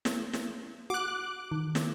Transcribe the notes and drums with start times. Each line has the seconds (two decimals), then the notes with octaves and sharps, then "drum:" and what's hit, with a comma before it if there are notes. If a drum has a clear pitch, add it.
0.05 drum: snare
0.33 drum: snare
0.90 F#4 D6 F#6
1.52 D#3
1.75 drum: snare